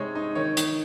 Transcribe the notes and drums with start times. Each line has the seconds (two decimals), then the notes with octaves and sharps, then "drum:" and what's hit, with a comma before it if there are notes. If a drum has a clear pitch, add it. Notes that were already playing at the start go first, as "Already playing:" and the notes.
Already playing: C3 G#3 D#4 C#5
0.15 D#4
0.35 D#3 C#5
0.57 D#3, drum: hi-hat